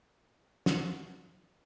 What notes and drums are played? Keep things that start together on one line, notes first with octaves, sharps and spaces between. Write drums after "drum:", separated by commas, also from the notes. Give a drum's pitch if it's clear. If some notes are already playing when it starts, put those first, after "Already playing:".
F4 F#4, drum: snare